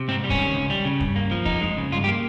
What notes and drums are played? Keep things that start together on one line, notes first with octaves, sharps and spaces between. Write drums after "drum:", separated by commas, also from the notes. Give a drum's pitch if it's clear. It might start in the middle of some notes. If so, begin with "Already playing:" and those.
Already playing: C3
G#2 C4
G3
C#4, drum: kick
D#3
C#2
G3
C#3
G2, drum: kick
A#3
F3
F2 D#4, drum: kick
G#3
C#3
G2 F4
G4
A#3